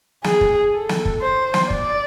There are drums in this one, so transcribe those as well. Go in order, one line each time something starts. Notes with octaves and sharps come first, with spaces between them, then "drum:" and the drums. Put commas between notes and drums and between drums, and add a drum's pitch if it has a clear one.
G#4, drum: snare
drum: kick
A4
drum: snare
drum: kick
C5
drum: snare
D5, drum: kick